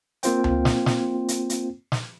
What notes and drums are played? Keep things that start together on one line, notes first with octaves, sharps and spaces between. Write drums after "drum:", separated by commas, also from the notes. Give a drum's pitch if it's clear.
A#3 C4 F4 C5 G5, drum: hi-hat
drum: tom C#2
drum: snare
drum: snare
drum: hi-hat
drum: hi-hat
drum: snare